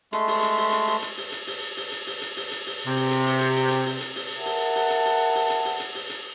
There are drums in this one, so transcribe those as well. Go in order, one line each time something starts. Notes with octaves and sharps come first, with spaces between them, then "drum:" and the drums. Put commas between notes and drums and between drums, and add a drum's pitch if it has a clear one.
G#3 A3 C6, drum: hi-hat
drum: open hi-hat
drum: hi-hat
drum: open hi-hat
drum: hi-hat
drum: open hi-hat
drum: hi-hat
drum: open hi-hat
drum: hi-hat
drum: open hi-hat
drum: open hi-hat
drum: hi-hat
drum: open hi-hat
drum: hi-hat
drum: open hi-hat
drum: hi-hat
drum: open hi-hat
C3
drum: open hi-hat
drum: hi-hat
drum: open hi-hat
drum: hi-hat
drum: open hi-hat
drum: hi-hat
drum: open hi-hat
drum: hi-hat
drum: open hi-hat
A#4 E5 F#5 A5
drum: open hi-hat
drum: open hi-hat
drum: hi-hat
drum: open hi-hat
drum: open hi-hat
drum: hi-hat
drum: open hi-hat
drum: hi-hat
drum: open hi-hat
drum: hi-hat